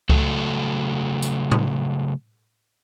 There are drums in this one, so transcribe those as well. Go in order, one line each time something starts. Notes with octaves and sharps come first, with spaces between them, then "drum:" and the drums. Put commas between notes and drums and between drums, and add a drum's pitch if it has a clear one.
C#3 F#3 A3 A4, drum: kick C#2
drum: tambourine
drum: tom A2